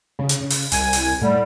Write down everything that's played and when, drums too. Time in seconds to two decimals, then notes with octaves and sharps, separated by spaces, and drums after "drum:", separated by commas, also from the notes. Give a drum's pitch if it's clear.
0.19 C#3
0.29 drum: hi-hat
0.40 C#3
0.50 drum: open hi-hat
0.72 C2 G#5, drum: open hi-hat
0.93 drum: open hi-hat
1.21 A2 D3 G3